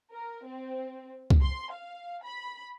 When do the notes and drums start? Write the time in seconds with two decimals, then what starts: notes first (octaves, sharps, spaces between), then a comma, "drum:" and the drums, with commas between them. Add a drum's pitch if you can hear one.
0.13 A#4
0.45 C4
1.30 drum: kick C2
1.43 C6
1.73 F5
2.23 B5